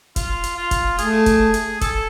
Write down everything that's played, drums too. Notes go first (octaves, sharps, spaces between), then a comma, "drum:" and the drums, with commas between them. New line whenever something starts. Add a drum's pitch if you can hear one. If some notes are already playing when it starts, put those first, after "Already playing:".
F4, drum: kick F1, hi-hat
drum: hi-hat
F4
drum: kick F1, hi-hat
A3 G#4, drum: hi-hat
drum: kick F1, hi-hat
drum: hi-hat
A4, drum: kick F1, hi-hat